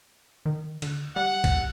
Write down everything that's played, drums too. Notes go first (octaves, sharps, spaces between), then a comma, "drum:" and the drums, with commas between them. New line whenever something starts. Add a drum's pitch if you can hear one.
D#3
D2, drum: cymbal
G3 F#5
drum: kick, cymbal